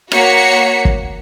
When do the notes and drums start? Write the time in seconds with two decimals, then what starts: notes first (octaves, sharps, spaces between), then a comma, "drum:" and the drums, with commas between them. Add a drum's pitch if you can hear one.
0.12 A#3 F#4 C#5 F#5 B6 C#7, drum: rim click
0.85 drum: kick